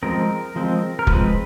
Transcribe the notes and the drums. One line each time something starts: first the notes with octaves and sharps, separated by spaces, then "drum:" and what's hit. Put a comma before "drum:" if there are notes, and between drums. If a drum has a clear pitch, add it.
F3 G#3 C4 A#4
F3 G#3 C4
A#4
F3 G#3 C4 B4, drum: kick